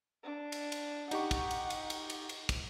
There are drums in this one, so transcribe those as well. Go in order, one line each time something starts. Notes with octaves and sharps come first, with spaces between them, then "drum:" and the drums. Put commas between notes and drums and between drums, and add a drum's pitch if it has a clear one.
D4
drum: cymbal
drum: cymbal
D#4 G4 F#5 C#6, drum: cymbal
drum: kick, cymbal
drum: cymbal
drum: cymbal
drum: cymbal
drum: cymbal
drum: cymbal
drum: kick, cymbal